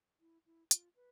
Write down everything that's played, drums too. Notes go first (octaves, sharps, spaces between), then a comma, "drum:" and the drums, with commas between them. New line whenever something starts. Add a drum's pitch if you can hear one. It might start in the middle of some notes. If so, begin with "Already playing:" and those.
E4
E4
F4, drum: hi-hat
B4